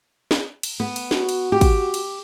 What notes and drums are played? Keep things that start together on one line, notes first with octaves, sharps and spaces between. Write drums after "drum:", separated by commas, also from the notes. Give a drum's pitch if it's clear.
drum: snare
drum: cymbal
B3
drum: cymbal
F#4, drum: snare
drum: cymbal
G4
drum: kick, cymbal
drum: cymbal